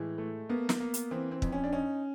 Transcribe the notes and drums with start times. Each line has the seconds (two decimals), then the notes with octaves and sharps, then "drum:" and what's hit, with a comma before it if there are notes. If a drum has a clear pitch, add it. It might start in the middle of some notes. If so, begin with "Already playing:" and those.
Already playing: A2 E3 G#3
0.18 A3
0.49 A#3 B3
0.69 drum: snare
0.80 A#3
0.94 drum: hi-hat
1.11 E3 C4
1.31 C4
1.42 F2, drum: kick
1.52 C#4
1.64 D4
1.72 C#4 D#4